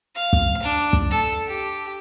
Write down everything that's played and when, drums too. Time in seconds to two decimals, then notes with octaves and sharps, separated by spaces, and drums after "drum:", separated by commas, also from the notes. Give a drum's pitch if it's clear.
0.16 F5
0.33 drum: kick
0.63 D4
0.93 drum: kick
1.11 A4
1.48 G4